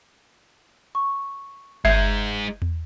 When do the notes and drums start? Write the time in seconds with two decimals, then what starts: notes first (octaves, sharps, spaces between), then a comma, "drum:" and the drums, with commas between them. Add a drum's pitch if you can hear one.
0.95 C#6
1.85 G#3 D#4 E5 G6 G#6, drum: kick G1
2.62 drum: tom E2